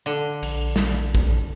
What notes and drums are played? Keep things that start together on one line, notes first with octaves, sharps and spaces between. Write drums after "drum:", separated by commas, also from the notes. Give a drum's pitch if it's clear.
D3
A#1, drum: cymbal
drum: snare
drum: kick